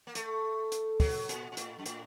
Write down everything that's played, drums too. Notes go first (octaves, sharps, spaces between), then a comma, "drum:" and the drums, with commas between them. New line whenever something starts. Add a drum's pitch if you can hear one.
A#3
A3, drum: hi-hat
drum: hi-hat
F#3, drum: kick, open hi-hat
A#2, drum: hi-hat
A#2
A2, drum: hi-hat
F#2
A2, drum: hi-hat